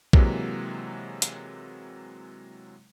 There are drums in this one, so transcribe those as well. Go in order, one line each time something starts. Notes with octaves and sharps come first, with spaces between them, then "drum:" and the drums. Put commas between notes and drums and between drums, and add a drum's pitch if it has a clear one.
C3 E3 F#3 G#3 A#3, drum: kick A#1
drum: hi-hat